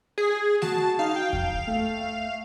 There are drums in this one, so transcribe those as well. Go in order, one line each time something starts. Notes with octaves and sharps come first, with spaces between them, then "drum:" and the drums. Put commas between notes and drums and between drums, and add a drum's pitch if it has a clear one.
G#4
F#4 A5, drum: snare A3
D#4 F5
G5
drum: kick E2
A3